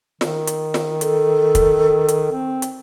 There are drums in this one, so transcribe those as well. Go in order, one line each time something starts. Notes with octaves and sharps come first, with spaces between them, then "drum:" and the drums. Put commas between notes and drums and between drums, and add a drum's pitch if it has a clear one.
D#3, drum: snare
drum: hi-hat
drum: snare
A4, drum: hi-hat
drum: kick, hi-hat
drum: hi-hat
C4
drum: hi-hat